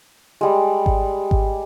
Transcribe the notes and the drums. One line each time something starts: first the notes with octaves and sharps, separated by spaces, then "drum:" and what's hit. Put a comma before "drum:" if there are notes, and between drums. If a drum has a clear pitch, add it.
G3 G#3
drum: kick G#1
drum: kick G#1